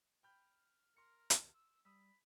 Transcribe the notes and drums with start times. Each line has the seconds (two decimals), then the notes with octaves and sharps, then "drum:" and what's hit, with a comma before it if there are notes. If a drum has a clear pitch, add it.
0.23 G5 B5 F6 G6
0.96 A#4 C6 C#7
1.30 drum: hi-hat
1.54 E6
1.85 G3 B5 D#6 E6